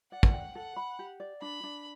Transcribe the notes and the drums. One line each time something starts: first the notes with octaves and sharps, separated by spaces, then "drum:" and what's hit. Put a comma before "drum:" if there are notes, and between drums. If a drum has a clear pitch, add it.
D5 F#5
drum: kick
G5
A4 F#5
B5
G4
D5
D4 B5
D4